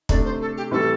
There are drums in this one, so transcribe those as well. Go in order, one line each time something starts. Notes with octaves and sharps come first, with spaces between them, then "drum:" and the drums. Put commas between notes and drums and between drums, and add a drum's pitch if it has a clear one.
C3 A3 D4 D5, drum: kick
C5
A4
G4
A2 E3 G3 C4 A4